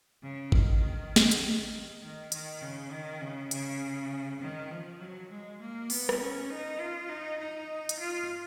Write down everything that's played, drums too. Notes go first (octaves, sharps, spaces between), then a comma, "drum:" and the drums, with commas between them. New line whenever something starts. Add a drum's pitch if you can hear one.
C#3
D#3, drum: kick
drum: snare
drum: hi-hat
D#3
D#3, drum: hi-hat
C#3
D#3
C#3
C#3, drum: hi-hat
D#3
F3
F#3
G#3
A#3
B3, drum: open hi-hat
drum: rim click
C#4
D#4
F4
D#4
D#4
drum: hi-hat
F4